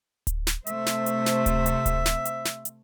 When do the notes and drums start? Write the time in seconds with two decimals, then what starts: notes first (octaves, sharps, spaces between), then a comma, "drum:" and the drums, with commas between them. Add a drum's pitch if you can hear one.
0.27 drum: kick D1, hi-hat
0.47 drum: snare
0.67 C3 A3 C5 E5, drum: hi-hat
0.86 drum: snare
1.06 drum: hi-hat
1.26 drum: snare
1.46 drum: kick D1, hi-hat
1.66 drum: hi-hat
1.86 drum: kick D1, hi-hat
2.06 drum: snare
2.25 drum: hi-hat
2.45 drum: snare
2.65 drum: hi-hat